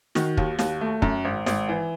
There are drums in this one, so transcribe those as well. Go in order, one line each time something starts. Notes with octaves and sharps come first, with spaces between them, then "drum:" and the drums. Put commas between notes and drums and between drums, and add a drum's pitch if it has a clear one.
D#3 F#4, drum: snare
D#2, drum: kick
D#2, drum: snare
A3
F#2, drum: kick
G#1
G#1, drum: snare
E3